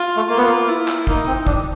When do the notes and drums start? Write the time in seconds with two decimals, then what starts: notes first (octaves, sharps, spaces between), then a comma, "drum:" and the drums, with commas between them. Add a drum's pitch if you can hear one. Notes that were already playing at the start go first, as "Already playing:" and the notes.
Already playing: F4
0.16 A3
0.30 A#3 F4
0.38 B3
0.46 A#3
0.68 E4
0.88 drum: clap
1.07 A#3 D#4, drum: kick
1.27 C4
1.47 D4, drum: kick